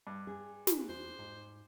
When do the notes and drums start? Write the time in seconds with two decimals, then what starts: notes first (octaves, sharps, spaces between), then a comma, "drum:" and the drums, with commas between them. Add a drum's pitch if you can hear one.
0.07 G2
0.27 G#4
0.67 drum: snare
0.89 E2 C5
1.19 G#2